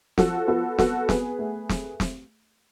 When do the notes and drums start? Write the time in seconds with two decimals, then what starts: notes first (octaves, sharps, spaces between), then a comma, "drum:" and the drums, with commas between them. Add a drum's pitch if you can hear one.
0.18 F3 F#4 A4, drum: snare
0.48 B3 F#4 A4
0.78 B3 F#4 A4, drum: snare
1.09 B3 G#4 B4, drum: snare
1.39 A3
1.69 drum: snare
2.00 drum: snare